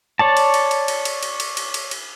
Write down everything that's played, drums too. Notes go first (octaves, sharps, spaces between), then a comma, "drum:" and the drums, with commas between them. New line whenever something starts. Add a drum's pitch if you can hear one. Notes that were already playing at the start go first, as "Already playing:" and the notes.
C#5 D5 A5
drum: cymbal
drum: cymbal
drum: cymbal
drum: cymbal
drum: cymbal
drum: cymbal
drum: cymbal
drum: cymbal
drum: cymbal
drum: cymbal